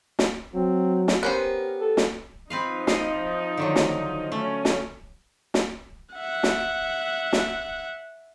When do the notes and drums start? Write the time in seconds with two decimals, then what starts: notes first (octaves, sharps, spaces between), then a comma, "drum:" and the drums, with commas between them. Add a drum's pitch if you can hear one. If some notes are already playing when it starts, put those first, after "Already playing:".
0.19 drum: snare
0.54 F#3 C4
1.08 drum: snare
1.23 B3 C#4 G4 A#4 C5
1.80 A4
1.97 drum: snare
2.50 F3 C4 D#4 B4 F5
2.87 D#5 F5, drum: snare
3.57 D3 D#3 F#3
3.76 drum: snare
4.32 A3 C#4
4.65 drum: snare
5.54 drum: snare
6.15 E5 F#5
6.43 drum: snare
7.33 drum: snare